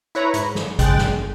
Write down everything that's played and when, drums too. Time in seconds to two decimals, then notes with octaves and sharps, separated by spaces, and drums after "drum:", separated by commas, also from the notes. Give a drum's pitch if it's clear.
0.15 E4 B4 C#5 A#5 B5
0.34 G#2, drum: hi-hat
0.55 drum: snare
0.79 G2 C#3 G#3 G5 F#6 A6, drum: kick, hi-hat
0.98 drum: snare
1.08 G1